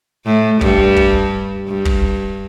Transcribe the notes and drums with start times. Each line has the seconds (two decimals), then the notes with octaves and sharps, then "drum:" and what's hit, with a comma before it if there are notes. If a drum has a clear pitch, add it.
0.25 A2
0.61 G2, drum: kick
0.96 drum: kick
1.68 G2
1.85 drum: kick